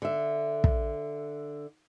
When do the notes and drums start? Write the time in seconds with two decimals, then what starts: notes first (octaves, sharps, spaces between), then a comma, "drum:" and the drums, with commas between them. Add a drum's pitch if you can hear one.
0.02 D3 E5
0.64 drum: kick